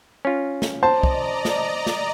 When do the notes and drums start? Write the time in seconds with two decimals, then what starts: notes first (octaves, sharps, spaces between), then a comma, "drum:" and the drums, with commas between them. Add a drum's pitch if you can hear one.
0.25 C#4 F4
0.62 drum: snare
0.83 C5 D5 D#5 A5 A#5
1.03 drum: kick
1.45 drum: snare
1.86 drum: snare